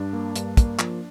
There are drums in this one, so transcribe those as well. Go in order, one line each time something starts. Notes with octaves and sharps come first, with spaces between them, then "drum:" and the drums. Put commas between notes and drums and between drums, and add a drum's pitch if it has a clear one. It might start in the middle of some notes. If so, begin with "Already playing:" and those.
Already playing: G2 D4
A#3
G2, drum: hi-hat
A#3, drum: kick, hi-hat
F3, drum: clap